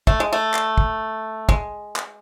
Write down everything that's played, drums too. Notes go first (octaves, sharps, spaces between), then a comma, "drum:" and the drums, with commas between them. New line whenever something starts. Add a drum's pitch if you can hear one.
A3, drum: kick
G#3
A3
drum: clap
drum: kick
G#3, drum: kick
drum: clap